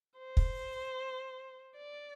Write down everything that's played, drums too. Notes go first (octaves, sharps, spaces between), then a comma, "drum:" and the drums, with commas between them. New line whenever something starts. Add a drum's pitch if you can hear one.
C5
drum: kick
D5